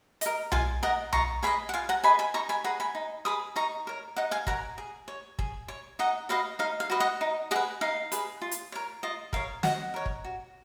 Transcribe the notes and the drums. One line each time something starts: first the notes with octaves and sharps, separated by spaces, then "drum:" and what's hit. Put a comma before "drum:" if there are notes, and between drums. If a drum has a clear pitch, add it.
A#4 D#5, drum: hi-hat
F4 F5 G#5, drum: tom B1
A#4 D#5 F#5 A#5
F4 A#5 C#6, drum: tom B1
G#4 B4 D#5 G#5 B5
F#5
F4 F5 G#5
F#5 A#5
G#4 B4 D#5 G#5 B5
G#5 B5
D#4 A#5 C#6
G#5 B5
G#4 B4 F#5 A#5
G#5 B5
D#4
G#4 B4 B5 D#6
D#4 A#5 C#6
A#4 C#5
D#4 D#5 F#5
F5 G#5
A#4 C#5 F#5 A#5, drum: kick
G#4
C#5
G#4, drum: kick
C#5
D#4 D#5 F#5
F#4 B4 D#5 F5
D#4 F5
F5
F#4 B4 D#5
D#5 F#5
D#4
G#4 B4 D#5 F#5
D#4 F5
G#4 B4, drum: hi-hat
F4
drum: hi-hat
A#4 C#5
F4 D#5
A#4 C#5 F5, drum: kick
F#4 D#5 F#5, drum: snare
A#4 C#5
drum: kick
F#4